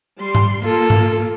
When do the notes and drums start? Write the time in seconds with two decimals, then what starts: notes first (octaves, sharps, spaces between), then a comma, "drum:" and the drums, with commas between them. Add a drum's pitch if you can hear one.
0.20 G3 C6
0.35 drum: tom G#2
0.64 A#3 F4 A4
0.90 drum: tom G#2